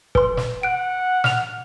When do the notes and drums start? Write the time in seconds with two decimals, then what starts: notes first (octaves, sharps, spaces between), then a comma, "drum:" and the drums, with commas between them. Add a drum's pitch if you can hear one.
0.15 B4 C6, drum: kick
0.37 drum: snare
0.63 F#5 F#6 D7
1.24 F6 F7, drum: snare